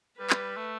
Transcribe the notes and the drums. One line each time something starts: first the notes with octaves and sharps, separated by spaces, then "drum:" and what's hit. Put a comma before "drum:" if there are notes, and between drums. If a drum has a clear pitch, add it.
G3 B4
drum: clap
A3